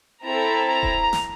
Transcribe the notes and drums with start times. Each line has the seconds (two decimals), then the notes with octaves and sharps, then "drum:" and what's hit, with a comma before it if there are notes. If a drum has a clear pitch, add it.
0.23 C4 E4 A4 A#5
0.68 A#5
0.83 drum: kick D#1
1.13 drum: snare